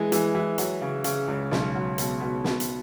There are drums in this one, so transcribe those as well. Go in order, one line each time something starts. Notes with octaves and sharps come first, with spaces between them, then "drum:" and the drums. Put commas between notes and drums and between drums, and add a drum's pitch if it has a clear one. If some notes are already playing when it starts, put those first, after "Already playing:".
Already playing: E3 G#3
E3, drum: hi-hat
E3
F#3, drum: hi-hat
C#3
C#3, drum: hi-hat
C#2
B1, drum: snare
F#3
B2, drum: hi-hat
B2
B2, drum: snare
drum: hi-hat